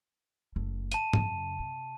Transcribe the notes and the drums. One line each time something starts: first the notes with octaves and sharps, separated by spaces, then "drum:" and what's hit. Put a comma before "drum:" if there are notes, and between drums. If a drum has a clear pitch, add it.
F#1 A3
A5 D#7, drum: hi-hat
F#2 C#3, drum: tom G#2
C3